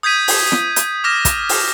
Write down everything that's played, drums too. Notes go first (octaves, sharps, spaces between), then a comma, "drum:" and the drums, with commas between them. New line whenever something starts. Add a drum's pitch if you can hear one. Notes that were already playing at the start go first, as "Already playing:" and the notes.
D#6 G6 G#6 B6 D#7
drum: open hi-hat
drum: snare
drum: hi-hat
D6 F6 A#6 E7
drum: kick, hi-hat
drum: open hi-hat